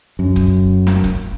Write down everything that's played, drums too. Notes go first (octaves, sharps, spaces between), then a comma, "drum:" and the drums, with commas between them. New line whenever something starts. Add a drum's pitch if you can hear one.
F#2
drum: kick
drum: snare
drum: kick